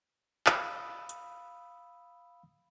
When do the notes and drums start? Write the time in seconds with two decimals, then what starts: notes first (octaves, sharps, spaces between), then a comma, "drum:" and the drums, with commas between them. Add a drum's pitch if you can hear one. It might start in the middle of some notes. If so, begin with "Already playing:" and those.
0.46 F5 B5 D#6 E6, drum: clap
1.09 drum: hi-hat